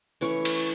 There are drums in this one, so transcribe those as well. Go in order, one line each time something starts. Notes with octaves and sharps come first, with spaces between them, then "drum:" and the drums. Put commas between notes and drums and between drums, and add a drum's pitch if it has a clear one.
E3 A3 C#4 C#5
drum: cymbal